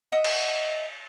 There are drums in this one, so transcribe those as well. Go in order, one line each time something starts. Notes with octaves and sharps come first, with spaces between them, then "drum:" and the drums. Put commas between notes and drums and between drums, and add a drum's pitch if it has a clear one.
D#5 E5 F#5 D#6
drum: cymbal